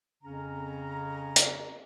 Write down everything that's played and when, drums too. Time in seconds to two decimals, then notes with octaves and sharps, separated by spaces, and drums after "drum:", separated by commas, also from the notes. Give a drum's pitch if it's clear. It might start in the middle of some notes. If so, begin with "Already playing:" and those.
0.24 F2 C#3 C#4 A#5
1.36 drum: hi-hat